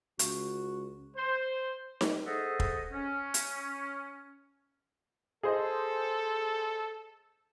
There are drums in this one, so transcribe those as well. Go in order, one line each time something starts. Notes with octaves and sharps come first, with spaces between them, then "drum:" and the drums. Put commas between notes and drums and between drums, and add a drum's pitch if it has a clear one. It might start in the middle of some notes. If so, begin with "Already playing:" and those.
C#2 F#4, drum: hi-hat
C5
drum: snare D#4
G#4 A4 C5 D#5 E5 F#5
drum: kick
C#4
drum: hi-hat
G#4 A4 C5 D#5